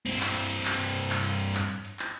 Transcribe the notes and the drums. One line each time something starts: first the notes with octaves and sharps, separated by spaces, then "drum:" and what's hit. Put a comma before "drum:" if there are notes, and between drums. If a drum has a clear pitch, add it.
G2 C4, drum: hi-hat
drum: clap
drum: hi-hat
drum: hi-hat
drum: clap
drum: hi-hat
drum: hi-hat
drum: clap
drum: hi-hat
drum: hi-hat
drum: clap
drum: hi-hat
drum: clap